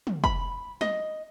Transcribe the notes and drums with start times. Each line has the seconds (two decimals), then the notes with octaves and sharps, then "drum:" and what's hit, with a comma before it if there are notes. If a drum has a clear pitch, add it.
0.07 drum: tom
0.24 B5, drum: kick
0.81 D#5, drum: snare